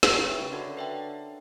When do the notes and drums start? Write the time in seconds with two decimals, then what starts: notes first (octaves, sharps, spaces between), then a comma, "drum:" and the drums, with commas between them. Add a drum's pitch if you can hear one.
0.03 D#3 F#4, drum: snare
0.16 C#3
0.27 B4 E5 G5
0.41 C#3
0.52 D3 F#4
0.77 B4 E5 G5